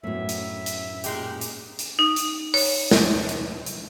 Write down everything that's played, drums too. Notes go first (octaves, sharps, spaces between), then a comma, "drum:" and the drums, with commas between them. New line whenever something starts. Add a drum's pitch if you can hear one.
F#2 A2 A3 B3 F#4 E5
drum: hi-hat
drum: hi-hat
A#2 G#3 G4, drum: hi-hat
drum: hi-hat
drum: hi-hat
D#4
drum: hi-hat
C#5, drum: open hi-hat
drum: snare
drum: hi-hat
drum: hi-hat